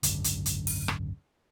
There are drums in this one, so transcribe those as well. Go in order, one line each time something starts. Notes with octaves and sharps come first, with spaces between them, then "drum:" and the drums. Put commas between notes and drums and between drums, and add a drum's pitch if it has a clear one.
G#1 C#2 F#2 D3, drum: hi-hat
drum: hi-hat
drum: hi-hat
drum: open hi-hat
drum: rim click